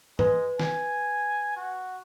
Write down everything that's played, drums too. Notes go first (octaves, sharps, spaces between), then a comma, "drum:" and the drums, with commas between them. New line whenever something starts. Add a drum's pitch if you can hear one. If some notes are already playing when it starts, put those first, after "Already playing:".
G#3 B4, drum: tom
G#5, drum: snare
F#4